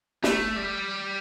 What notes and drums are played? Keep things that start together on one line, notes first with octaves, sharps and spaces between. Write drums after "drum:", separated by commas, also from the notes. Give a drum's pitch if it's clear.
A3, drum: snare
G3